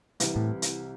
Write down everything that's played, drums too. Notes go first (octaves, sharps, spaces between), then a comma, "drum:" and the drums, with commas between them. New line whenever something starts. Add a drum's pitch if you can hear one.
C2 C3 E3 G3, drum: hi-hat
A2
drum: hi-hat